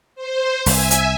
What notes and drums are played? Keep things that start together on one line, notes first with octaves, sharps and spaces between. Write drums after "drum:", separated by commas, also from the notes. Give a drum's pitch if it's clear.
C5
C2 E5 G#5, drum: open hi-hat
drum: hi-hat